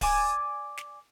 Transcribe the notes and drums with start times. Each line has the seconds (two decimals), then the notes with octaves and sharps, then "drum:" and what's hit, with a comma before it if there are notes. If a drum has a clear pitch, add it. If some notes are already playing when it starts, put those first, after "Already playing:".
0.01 D5 G#5 D6, drum: kick D1, open hi-hat
0.77 drum: snare